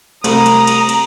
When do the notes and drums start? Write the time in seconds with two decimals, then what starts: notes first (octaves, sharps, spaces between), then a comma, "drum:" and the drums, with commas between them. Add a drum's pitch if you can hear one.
0.24 C2 A3 A#5 D#6, drum: cymbal
0.46 drum: cymbal
0.67 drum: cymbal
0.89 drum: cymbal